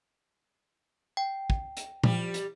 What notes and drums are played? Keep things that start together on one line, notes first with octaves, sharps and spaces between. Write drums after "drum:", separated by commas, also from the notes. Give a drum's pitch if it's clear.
G5
drum: kick
drum: hi-hat
F3 G3 G4, drum: tom
drum: hi-hat